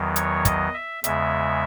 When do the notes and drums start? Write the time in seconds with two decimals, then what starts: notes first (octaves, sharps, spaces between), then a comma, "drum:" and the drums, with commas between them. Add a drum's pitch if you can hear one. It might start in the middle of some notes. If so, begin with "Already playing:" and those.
Already playing: E2 D#3 F#3
0.16 C#5, drum: hi-hat
0.45 D#5, drum: kick, hi-hat
0.74 E5
1.04 E2 C#3 G#3 E5, drum: hi-hat